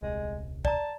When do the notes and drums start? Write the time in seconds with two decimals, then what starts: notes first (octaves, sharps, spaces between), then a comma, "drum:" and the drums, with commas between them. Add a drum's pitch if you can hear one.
0.03 D#1 C2 G#3
0.65 D5 A5 A#5, drum: kick